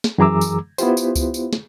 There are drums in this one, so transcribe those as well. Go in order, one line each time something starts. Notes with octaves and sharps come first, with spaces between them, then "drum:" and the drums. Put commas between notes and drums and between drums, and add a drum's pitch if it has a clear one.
drum: snare
F#2 E3 G#4 A#5 D6 E6
drum: tambourine
B3 E4 F4 G4 C5, drum: tambourine
drum: tambourine
drum: kick C#2, tambourine
drum: tambourine
drum: snare